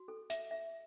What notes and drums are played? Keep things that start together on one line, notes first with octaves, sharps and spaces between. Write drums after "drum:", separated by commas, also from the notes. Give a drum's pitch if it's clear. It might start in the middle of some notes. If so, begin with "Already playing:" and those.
Already playing: F#4
A4
E5, drum: hi-hat
E5